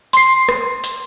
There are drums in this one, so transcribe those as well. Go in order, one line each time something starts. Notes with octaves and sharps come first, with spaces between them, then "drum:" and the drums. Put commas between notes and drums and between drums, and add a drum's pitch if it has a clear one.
C6 C7, drum: hi-hat
drum: rim click
drum: hi-hat